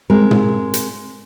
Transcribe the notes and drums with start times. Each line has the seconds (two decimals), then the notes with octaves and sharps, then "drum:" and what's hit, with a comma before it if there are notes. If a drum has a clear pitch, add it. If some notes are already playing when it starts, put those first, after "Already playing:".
0.10 G#3 C4 A#4
0.31 drum: tom
0.74 drum: hi-hat